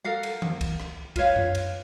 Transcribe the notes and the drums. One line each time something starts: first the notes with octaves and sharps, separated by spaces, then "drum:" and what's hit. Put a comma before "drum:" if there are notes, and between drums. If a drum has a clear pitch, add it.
A4 A#4 F5 F#5
drum: cymbal
drum: tom D#3
drum: kick C2, cymbal
drum: rim click
F4 B4 C#5 F5, drum: kick C2, cymbal
drum: tom F#2
drum: cymbal